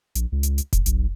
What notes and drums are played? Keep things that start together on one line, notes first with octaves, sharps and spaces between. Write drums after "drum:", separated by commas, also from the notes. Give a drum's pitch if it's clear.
A#1, drum: hi-hat
C#2
drum: hi-hat
drum: hi-hat
D#1, drum: kick F1, hi-hat
B1, drum: hi-hat